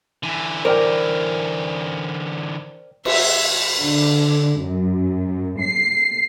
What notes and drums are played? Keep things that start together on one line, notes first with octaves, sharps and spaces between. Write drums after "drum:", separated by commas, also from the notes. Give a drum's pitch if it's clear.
D3 E3
A#4 C5 D5 G5
E5, drum: cymbal
D3
F#2
C7